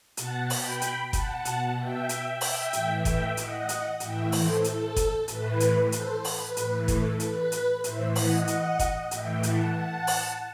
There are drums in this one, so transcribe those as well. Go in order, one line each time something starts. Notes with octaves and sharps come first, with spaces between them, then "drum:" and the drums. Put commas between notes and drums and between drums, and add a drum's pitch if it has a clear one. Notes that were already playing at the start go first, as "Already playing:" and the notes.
B2 F#5 A5, drum: hi-hat
G5 B5, drum: open hi-hat
drum: hi-hat
F#5 A5, drum: kick F#1, hi-hat
B2, drum: hi-hat
E5 G5
drum: hi-hat
E5 G5, drum: open hi-hat
A2 E3, drum: hi-hat
E5 G5, drum: kick F#1, hi-hat
D#5 F#5, drum: hi-hat
drum: hi-hat
A2 E3 E5 G5, drum: hi-hat
A4 C5, drum: open hi-hat
A4, drum: hi-hat
drum: kick F#1, hi-hat
A2 E3 B4, drum: hi-hat
drum: hi-hat
A4 C5, drum: hi-hat
B4, drum: open hi-hat
A2 E3, drum: hi-hat
A4, drum: kick F#1, hi-hat
B4, drum: hi-hat
drum: hi-hat
A2 E3 C5 E5, drum: hi-hat
D#5 F#5, drum: open hi-hat
drum: hi-hat
drum: kick F#1, hi-hat
A2 E3 E5 G5, drum: hi-hat
F#5 A5, drum: hi-hat
F#5 A5
drum: open hi-hat